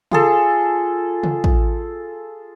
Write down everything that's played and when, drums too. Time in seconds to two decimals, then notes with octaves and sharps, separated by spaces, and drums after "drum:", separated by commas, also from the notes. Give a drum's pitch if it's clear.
0.11 F4 G#4 A4, drum: tom C#3
1.23 drum: tom C#3
1.44 drum: kick